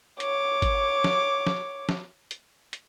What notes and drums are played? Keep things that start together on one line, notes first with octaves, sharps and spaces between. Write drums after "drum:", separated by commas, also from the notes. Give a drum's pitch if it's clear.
C#5 D6, drum: hi-hat
drum: kick G#1, hi-hat
drum: snare
drum: snare
drum: snare
drum: hi-hat
drum: hi-hat